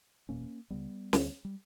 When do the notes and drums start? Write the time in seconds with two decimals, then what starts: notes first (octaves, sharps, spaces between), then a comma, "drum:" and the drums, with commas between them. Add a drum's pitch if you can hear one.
0.29 F#1 E2 B2 A#3 C#4
0.70 C#2 C#3 G3 B3
1.13 D2 D3, drum: snare
1.45 G3